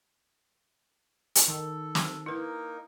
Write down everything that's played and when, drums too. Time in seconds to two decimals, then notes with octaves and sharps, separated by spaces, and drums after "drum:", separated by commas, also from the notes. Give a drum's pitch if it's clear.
1.35 drum: hi-hat
1.48 D#3 A4
1.95 drum: snare
2.26 A#3 D#4 E4 A#4 B4